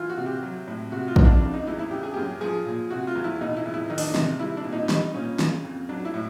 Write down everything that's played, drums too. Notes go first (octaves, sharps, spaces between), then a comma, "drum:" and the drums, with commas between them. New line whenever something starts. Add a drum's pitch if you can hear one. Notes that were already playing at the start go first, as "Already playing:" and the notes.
Already playing: E3 F4
F#4
C3
G4
F#3
A2
C3 F#4
F4
F2, drum: kick
D4
C#3 D4
D#4
E2 E4
E4
C#3 G4
G#4
F#2 G4
F3 G#4
A#2
C3 F#4
F4
E2
E4
B2 D#4
E4
E2
E4
D#3 D#4
D4, drum: open hi-hat
D#4
C3, drum: snare
G3 E4
D4
A#2
D#4
G3 D#4, drum: snare
A#2 C#4
C#3, drum: snare
F2
F#3 D4
E4
A2